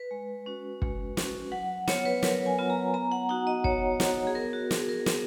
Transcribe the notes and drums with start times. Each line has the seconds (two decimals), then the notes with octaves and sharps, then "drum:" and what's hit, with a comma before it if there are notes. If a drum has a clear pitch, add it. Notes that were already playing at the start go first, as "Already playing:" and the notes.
Already playing: B4
0.11 G#3
0.46 C#4 F#4
0.82 G#3, drum: kick
1.17 C#4 F#4, drum: snare
1.52 F#3 F#5
1.88 B3 F4 C#5, drum: snare
2.05 B4
2.23 F#3 A#4, drum: snare
2.46 G#5
2.59 B3 F4
2.70 A#5
2.94 B3 A#5
3.12 F#5
3.29 D#4 F#4 F#5
3.47 D#5
3.64 B3 C#5, drum: kick
4.00 D#4 F#4, drum: snare
4.27 G#4
4.35 B3 A#4
4.53 F#4
4.71 F#4 G#4, drum: snare
4.89 A#4
5.06 B3, drum: snare